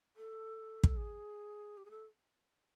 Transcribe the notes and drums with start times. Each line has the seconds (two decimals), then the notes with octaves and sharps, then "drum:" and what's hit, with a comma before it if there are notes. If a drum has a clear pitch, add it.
0.17 A4
0.83 drum: kick
0.97 G#4
1.77 G4
1.85 G#4
1.91 A4